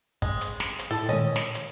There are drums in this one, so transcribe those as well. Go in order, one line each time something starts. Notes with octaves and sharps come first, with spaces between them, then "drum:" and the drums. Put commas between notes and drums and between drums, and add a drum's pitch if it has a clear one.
G#3, drum: kick
drum: hi-hat
drum: snare
drum: hi-hat
A2 E4 A4
A#2 D#3 G#3 C#4 D#5
drum: snare
drum: hi-hat